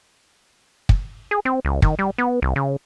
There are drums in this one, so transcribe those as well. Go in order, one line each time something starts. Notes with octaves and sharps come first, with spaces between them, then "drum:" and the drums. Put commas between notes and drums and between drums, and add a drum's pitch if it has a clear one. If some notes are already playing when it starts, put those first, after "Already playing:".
drum: kick
G#4
C4
C#2
D#3, drum: kick
G3
B3
C2
C#3